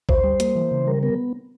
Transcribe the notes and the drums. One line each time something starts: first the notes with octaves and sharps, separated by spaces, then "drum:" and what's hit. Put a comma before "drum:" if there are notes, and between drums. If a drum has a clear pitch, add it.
D2 C5, drum: kick
G3
A#3, drum: hi-hat
E3
C#3
G3 A#4
B3 A#4